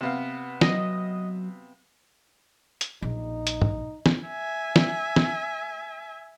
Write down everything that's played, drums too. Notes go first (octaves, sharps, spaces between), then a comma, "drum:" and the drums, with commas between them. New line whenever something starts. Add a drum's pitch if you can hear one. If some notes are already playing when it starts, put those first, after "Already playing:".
C3 B3 F5
F#3 D#5, drum: snare
drum: hi-hat
A#1 D#4
drum: hi-hat
drum: tom
drum: snare
E5 G#5
drum: snare
drum: snare